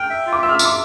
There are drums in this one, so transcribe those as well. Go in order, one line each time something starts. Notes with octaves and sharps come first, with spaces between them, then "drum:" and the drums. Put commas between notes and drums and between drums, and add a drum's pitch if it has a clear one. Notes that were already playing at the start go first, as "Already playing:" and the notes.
Already playing: G5 F6
E5
F4
D6
E5 E6
F6
E6
E5, drum: tambourine
D6